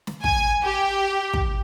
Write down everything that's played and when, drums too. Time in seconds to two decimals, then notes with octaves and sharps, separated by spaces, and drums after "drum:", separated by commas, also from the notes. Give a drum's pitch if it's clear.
0.07 drum: snare
0.24 G#5, drum: kick
0.63 G4
1.33 drum: kick